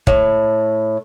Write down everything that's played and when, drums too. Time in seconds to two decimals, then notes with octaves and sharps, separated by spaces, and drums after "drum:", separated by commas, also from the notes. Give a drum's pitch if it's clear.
0.07 A2, drum: kick